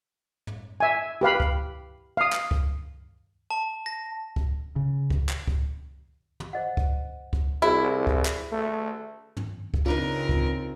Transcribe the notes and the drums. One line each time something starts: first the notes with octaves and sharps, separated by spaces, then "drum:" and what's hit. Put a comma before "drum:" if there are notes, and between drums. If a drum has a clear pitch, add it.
drum: tom
E5 G#5
G4 B4 F5 B5
drum: kick C#2
F5 D#6
drum: clap
drum: kick C#2
A5
A#6
drum: kick C#2
C#3
drum: kick C#2
drum: clap
drum: kick C#2
drum: tom
C5 D#5 F#5
drum: kick C#2
drum: kick C#2
C2 E4 F#4 G#4 C5
drum: kick C#2
drum: clap
A3
drum: tom
drum: kick C#2
C#3 C4 D4 D#4 F4 A#4 B4
drum: kick C#2